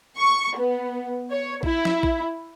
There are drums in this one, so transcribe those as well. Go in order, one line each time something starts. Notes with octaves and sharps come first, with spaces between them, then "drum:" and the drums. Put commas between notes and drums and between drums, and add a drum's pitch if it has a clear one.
C#6
B3
C#5
E4, drum: kick A#1
drum: snare
drum: kick A#1